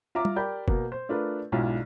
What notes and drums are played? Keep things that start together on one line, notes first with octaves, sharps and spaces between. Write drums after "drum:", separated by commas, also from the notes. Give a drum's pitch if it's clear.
F4 E5 A#5 D6
drum: tom G3
G4 A#4 D5 B5 G6
B2 A#3, drum: kick
C5
A3 D4 F4 A#4 B4
B1 G#2 D4 E4 F4